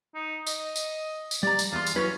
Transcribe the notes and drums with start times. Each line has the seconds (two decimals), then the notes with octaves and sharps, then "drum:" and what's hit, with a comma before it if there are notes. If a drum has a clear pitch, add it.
0.15 D#4
0.47 D#5, drum: tambourine
0.76 drum: tambourine
1.31 drum: tambourine
1.43 G3 D5 A#5
1.59 drum: tambourine
1.73 E2 F4 C6
1.86 drum: tambourine
1.96 F#3 C#4 E4 B4